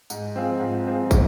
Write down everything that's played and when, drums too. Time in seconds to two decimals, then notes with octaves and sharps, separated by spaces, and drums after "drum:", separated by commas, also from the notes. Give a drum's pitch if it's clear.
0.10 G#2, drum: tambourine
0.36 F3 C4 F4 G#4
0.60 G#2
0.86 F3 C4 F4 G#4
1.11 drum: kick, tambourine